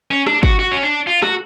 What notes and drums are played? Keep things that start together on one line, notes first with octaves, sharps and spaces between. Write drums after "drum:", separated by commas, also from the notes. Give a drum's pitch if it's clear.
C#4
D4, drum: rim click
F#4, drum: kick
F#4
C#4
D4
F4
F#4, drum: rim click